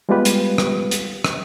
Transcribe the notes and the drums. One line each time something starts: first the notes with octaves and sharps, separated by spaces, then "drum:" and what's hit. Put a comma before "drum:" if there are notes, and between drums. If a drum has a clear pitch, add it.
G3 G#3 B3 F4 G4 B4
drum: hi-hat
drum: rim click
drum: hi-hat
drum: rim click